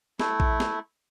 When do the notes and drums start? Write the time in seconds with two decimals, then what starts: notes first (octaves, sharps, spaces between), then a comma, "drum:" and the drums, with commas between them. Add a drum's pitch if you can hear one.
0.20 A3 E4, drum: snare
0.40 drum: kick A#1
0.60 drum: snare